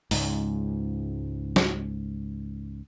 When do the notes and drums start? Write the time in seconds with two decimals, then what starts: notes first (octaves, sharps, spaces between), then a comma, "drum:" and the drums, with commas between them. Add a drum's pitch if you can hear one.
0.11 C#2 G#2, drum: open hi-hat
1.56 drum: snare